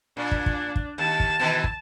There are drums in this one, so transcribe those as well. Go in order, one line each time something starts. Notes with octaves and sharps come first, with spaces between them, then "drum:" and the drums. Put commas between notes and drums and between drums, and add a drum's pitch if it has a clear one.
A#2 D4
drum: kick
drum: kick
drum: kick
D#2 A5
drum: kick
B2 D#3 E3
drum: kick